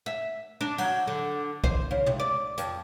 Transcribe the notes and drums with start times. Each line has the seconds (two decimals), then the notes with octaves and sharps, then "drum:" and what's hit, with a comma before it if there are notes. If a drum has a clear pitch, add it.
0.06 E5
0.61 D4
0.78 F#3, drum: cymbal
1.07 D3
1.64 C5, drum: kick B1
1.91 C#3
2.06 C3, drum: tom
2.20 D5
2.58 F2, drum: hi-hat